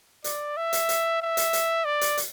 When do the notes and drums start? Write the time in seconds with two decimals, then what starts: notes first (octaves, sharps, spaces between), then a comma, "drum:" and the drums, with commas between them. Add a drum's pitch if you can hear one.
0.24 D5, drum: hi-hat
0.57 E5
0.73 drum: hi-hat
0.89 drum: hi-hat
1.22 E5
1.37 drum: hi-hat
1.53 drum: hi-hat
1.85 D5
2.01 drum: hi-hat
2.17 drum: hi-hat